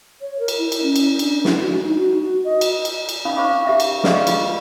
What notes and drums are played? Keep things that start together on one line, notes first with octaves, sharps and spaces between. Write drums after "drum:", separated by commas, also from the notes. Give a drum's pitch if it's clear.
C#5
A#4
drum: cymbal
E4
drum: cymbal
C#4
drum: cymbal
D4, drum: cymbal
E4, drum: snare
F#4
D#4
F#4
F#4
D#5
drum: cymbal
drum: cymbal
drum: cymbal
C#4 D#4 F5 B5
D#4 C5 F5 C#6 D6
G4 E5 G5
drum: cymbal
G#4 B4 D5 D#5 F5 C#6, drum: snare
F4, drum: cymbal